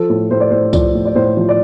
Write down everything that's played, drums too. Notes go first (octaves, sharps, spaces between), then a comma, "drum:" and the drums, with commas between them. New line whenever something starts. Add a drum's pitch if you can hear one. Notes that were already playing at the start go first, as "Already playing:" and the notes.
Already playing: F3 A4
A2
A2 C5
D5
A2 C5
F3 D5, drum: kick, tambourine
A2
D5
A2 C5
F3
D5